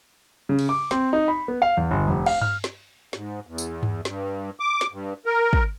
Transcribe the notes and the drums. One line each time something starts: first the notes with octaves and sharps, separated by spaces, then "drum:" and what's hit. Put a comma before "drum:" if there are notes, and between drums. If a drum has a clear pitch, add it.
C#3
drum: cymbal
D6
C4, drum: snare
D#4
B5
B3
F5
E2
G1
F1
F5, drum: cymbal
F6, drum: tom G2
drum: snare
G#2, drum: snare
E2
drum: tambourine
drum: tom G2
G2, drum: snare
D6
drum: snare
G2
A#4
drum: kick